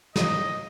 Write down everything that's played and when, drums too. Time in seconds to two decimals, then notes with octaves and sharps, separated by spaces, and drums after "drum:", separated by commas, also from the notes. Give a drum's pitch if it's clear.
0.16 D#5, drum: snare